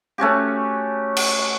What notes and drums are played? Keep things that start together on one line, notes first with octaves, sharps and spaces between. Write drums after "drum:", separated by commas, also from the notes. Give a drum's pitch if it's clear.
A3 C#4 F#4 G4
drum: cymbal